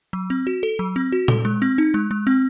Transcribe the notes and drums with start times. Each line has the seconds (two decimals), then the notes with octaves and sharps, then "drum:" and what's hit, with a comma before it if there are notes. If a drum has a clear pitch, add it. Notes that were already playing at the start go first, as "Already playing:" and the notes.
0.13 F#3
0.30 C4
0.47 F#4
0.63 A4
0.79 F#3
0.96 C4
1.12 F#4
1.28 A4, drum: tom A#2
1.45 G#3
1.62 C4
1.78 D#4
1.94 G#3
2.11 G#3
2.27 C4